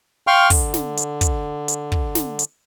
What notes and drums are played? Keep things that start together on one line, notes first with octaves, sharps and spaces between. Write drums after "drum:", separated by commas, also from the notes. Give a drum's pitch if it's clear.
F5 G5 C6 C#6 F6
D3, drum: kick, open hi-hat
drum: snare
drum: hi-hat
drum: kick, hi-hat
drum: hi-hat
drum: kick
drum: snare
drum: hi-hat